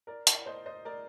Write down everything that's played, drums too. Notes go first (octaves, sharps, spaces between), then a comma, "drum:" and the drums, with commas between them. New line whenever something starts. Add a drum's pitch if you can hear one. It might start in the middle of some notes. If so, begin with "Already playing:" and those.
A#4 D5
A#4 D5, drum: hi-hat
C5 D#5
C5 D#5
A#4 D5